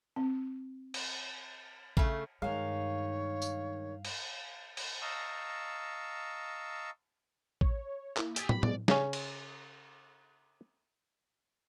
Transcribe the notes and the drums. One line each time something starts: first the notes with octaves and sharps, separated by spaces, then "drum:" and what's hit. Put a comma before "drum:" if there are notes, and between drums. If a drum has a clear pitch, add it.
C4
drum: cymbal
C#3 A3, drum: kick
G2 D#3 G#3 C#5 F5
drum: tambourine
drum: cymbal
drum: cymbal
D#5 F5 A5 A#5 C#6 E6
C#5, drum: kick
A#3 E4, drum: clap
G4 G#4 G#5 E6 A6, drum: hi-hat
G4 B5, drum: tom
B2 G#3 D5, drum: tom
C#3 C#4, drum: snare
drum: cymbal